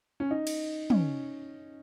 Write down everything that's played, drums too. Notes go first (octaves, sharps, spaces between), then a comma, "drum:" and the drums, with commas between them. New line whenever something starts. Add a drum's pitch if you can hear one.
C#4
D#4
drum: cymbal
C#4, drum: tom